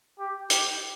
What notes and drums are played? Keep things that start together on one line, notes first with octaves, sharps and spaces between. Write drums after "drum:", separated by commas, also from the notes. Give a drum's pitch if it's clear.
G4
G4, drum: hi-hat